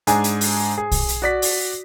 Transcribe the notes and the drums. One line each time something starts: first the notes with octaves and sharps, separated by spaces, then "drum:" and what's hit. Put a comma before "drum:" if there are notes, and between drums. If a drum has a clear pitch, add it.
G#2 D4 G#4 G#5, drum: hi-hat
drum: hi-hat
drum: open hi-hat
G#4
drum: kick, open hi-hat
drum: hi-hat
F#4 D5 B6
drum: open hi-hat